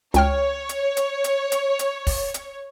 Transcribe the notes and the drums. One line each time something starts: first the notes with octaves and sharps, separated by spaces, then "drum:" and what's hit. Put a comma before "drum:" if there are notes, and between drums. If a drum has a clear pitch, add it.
C#2 C#5 G5 F6, drum: hi-hat
drum: hi-hat
drum: hi-hat
drum: hi-hat
drum: hi-hat
drum: hi-hat
drum: kick, open hi-hat
drum: hi-hat